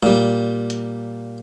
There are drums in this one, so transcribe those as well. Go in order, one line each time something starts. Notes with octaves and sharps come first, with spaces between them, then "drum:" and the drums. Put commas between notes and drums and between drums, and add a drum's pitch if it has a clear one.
A#2 G3, drum: tom G3
drum: hi-hat